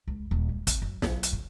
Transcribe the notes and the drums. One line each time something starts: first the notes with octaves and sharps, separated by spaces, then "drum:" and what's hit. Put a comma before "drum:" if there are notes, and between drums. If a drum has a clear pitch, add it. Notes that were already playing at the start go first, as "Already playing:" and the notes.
C#2
D#1
G#3
C4, drum: kick, hi-hat
F#2
B1, drum: snare
drum: hi-hat
C#3